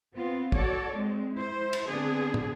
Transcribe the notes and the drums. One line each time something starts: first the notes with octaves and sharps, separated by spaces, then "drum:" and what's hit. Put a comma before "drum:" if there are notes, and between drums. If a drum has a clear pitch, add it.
B3 C4 F4
F#4 A4 C#5 D5, drum: kick
G#3 C4
E4 C5
drum: cymbal
D3 B3 C4 D4 G#4
drum: tom